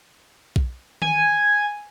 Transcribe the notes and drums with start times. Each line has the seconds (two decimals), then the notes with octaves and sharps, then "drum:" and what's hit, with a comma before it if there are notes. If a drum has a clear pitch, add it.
0.56 drum: kick B1
1.02 G#5, drum: tom D#3